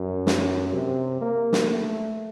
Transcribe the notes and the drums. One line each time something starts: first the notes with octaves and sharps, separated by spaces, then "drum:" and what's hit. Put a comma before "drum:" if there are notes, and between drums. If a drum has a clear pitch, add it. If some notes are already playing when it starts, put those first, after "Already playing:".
Already playing: F#2
drum: snare
C3
A#3
drum: snare
A3